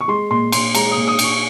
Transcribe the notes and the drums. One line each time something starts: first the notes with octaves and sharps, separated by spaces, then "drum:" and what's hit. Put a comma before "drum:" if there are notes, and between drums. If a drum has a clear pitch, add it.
C#6
G#3 C6
A#2 C6
A#2 C6, drum: cymbal
G#3 A#5, drum: cymbal
A#2 D#6
D#6
A#2 C#6, drum: cymbal